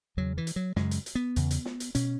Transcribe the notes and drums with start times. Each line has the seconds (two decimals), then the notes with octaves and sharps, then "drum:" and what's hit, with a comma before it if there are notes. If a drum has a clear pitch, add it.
0.17 E2 C#3 F#3
0.38 E3
0.47 drum: hi-hat
0.56 F#3
0.76 F#2 C#3 G#3, drum: snare
0.91 drum: hi-hat
1.06 drum: hi-hat
1.15 B3
1.36 E2 C#3, drum: hi-hat
1.51 drum: hi-hat
1.65 drum: snare
1.80 drum: hi-hat
1.95 B2 C#4, drum: hi-hat